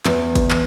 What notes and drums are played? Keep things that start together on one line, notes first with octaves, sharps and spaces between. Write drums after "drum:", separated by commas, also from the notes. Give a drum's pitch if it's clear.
E2, drum: clap
drum: kick G1, hi-hat
drum: clap